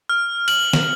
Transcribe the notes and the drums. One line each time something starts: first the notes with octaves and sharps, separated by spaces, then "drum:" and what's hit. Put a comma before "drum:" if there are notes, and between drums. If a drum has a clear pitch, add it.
F6
F#7, drum: cymbal
drum: snare